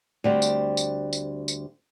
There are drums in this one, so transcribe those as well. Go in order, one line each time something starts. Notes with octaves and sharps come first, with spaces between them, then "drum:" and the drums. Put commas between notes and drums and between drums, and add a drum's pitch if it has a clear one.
D2 G3 C4
drum: tambourine
drum: tambourine
drum: tambourine
drum: tambourine